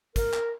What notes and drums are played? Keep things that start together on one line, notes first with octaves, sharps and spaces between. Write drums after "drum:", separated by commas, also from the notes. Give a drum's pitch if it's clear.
A#4, drum: kick, hi-hat
drum: clap